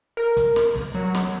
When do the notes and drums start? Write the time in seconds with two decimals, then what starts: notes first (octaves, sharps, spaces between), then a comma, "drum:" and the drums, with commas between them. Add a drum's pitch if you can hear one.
0.17 A#4
0.37 drum: kick, hi-hat
0.56 drum: snare
0.76 drum: kick, open hi-hat
0.95 F#3
1.15 drum: snare